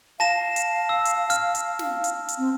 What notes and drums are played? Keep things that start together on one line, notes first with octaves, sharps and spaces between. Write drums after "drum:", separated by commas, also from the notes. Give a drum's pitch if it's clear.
F5 A5 A#6 E7
drum: hi-hat
E6
drum: hi-hat
F6, drum: hi-hat
drum: hi-hat
drum: snare
drum: hi-hat
drum: hi-hat
C4